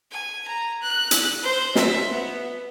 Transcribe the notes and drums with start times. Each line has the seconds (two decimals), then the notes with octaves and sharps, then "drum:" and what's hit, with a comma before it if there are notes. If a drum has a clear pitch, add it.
0.11 G#5
0.48 A#5
0.82 F#6
1.11 drum: hi-hat
1.43 C5
1.75 E5, drum: snare
2.12 B3